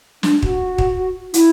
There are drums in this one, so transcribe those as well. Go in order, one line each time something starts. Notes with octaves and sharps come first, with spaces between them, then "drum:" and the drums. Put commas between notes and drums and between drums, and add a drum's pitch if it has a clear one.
D4, drum: snare
F#4, drum: kick
drum: kick
E4, drum: hi-hat